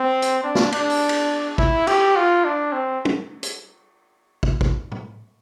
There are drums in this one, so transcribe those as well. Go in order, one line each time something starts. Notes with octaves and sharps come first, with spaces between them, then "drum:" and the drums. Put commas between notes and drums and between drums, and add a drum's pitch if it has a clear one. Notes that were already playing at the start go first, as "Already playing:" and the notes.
Already playing: C4
drum: hi-hat
D4
drum: snare
D4, drum: cymbal
drum: open hi-hat
drum: cymbal
E4, drum: kick
G4, drum: cymbal
F4
D4
C4
drum: tom
drum: hi-hat
drum: kick
drum: kick
drum: tom A2